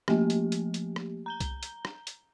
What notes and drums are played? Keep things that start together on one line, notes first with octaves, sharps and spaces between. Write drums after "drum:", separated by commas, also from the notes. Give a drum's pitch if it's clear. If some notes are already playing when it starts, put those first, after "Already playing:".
F3 A3 A#3 G4, drum: rim click
drum: hi-hat
drum: hi-hat
drum: hi-hat
drum: rim click
A#5 G6 G7
drum: kick C2, hi-hat
drum: hi-hat
drum: rim click
drum: hi-hat